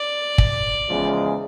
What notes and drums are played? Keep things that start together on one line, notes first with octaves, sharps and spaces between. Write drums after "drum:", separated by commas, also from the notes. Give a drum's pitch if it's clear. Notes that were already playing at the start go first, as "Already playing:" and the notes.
Already playing: D5
drum: kick
E2 C#3 F3 G#3